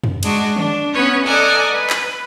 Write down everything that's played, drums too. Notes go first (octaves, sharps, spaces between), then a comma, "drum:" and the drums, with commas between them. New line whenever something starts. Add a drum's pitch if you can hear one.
drum: tom F2
G#3 D4 F#4, drum: cymbal
D4, drum: tom D3
B3 C#4 B4 C#5
A4 D5 D#5 F#5 G#5 A#5
B4
drum: clap